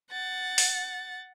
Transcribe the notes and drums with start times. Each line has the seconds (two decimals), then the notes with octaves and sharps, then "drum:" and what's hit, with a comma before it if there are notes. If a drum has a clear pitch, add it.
0.11 F#5 A6
0.58 drum: open hi-hat